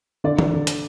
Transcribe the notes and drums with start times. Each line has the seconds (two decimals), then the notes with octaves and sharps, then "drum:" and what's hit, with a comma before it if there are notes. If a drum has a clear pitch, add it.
0.24 D3 D5
0.39 D3, drum: tom E3
0.53 D3
0.67 drum: hi-hat